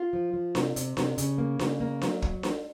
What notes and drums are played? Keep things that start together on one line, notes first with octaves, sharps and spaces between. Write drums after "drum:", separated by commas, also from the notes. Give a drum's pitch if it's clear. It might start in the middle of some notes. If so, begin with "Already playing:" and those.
Already playing: F4
F3
F3
C3, drum: snare D4
C3, drum: hi-hat
C3, drum: snare D4
C#3, drum: hi-hat
A#3
C#3, drum: snare D4
A#3
F#3, drum: snare D4
drum: kick
drum: snare D4